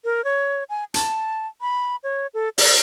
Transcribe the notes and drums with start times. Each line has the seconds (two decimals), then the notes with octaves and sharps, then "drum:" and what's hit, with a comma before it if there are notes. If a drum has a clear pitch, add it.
0.05 A#4
0.24 C#5
0.70 G#5
0.94 A5, drum: hi-hat
1.61 B5
2.03 C#5
2.34 A4
2.58 D5, drum: open hi-hat